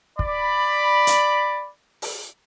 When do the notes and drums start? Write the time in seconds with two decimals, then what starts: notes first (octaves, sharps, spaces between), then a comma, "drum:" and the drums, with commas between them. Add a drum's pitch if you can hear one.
0.19 D5 B5, drum: kick
1.07 drum: hi-hat
2.02 drum: open hi-hat